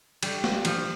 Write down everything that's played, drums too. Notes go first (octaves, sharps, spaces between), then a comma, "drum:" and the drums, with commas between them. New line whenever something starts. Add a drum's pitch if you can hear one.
G3, drum: cymbal
drum: snare
F3, drum: cymbal